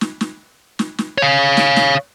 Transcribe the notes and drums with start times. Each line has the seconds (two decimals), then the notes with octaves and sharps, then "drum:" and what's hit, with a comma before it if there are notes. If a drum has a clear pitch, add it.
0.01 drum: snare
0.21 drum: snare
0.79 drum: snare
0.98 drum: snare
1.18 C#5 F5
1.57 drum: snare
1.76 drum: snare